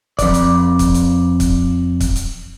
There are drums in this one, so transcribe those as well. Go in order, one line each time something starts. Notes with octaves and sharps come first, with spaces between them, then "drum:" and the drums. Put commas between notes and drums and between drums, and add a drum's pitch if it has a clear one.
F2 D5, drum: kick C#1, hi-hat
drum: hi-hat
drum: kick C#1, hi-hat
drum: hi-hat
drum: kick C#1, hi-hat
drum: kick C#1, hi-hat
drum: hi-hat